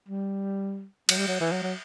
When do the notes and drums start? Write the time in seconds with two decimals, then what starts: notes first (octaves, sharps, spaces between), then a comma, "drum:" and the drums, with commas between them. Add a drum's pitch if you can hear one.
0.08 G3
1.09 F#3, drum: cymbal
1.17 G3
1.28 F#3
1.40 E3
1.52 F#3
1.62 F#3